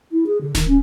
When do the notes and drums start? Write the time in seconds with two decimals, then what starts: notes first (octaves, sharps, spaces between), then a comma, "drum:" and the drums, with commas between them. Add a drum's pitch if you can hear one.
0.12 E4
0.27 G#4
0.41 D3
0.55 D#3, drum: snare D1
0.68 C#4